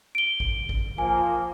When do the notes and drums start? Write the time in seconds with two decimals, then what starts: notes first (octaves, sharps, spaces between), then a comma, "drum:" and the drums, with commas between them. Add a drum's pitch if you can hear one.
0.15 D7 G7
0.40 drum: kick G#1
0.69 drum: kick G#1
0.98 F3 A#3 G#5